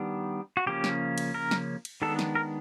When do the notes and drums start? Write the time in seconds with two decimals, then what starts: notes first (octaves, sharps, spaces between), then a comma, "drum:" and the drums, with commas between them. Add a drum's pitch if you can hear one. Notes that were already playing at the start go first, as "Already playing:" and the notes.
Already playing: D#3 G3 B3 D4
0.57 F#4
0.66 C#3 F3 A#3 C#4 G4
0.84 drum: snare
1.18 drum: cymbal
1.34 A#4
1.51 drum: snare
1.85 drum: cymbal
2.02 D#3 G#3 B3 D4 A4
2.19 drum: snare
2.35 A#4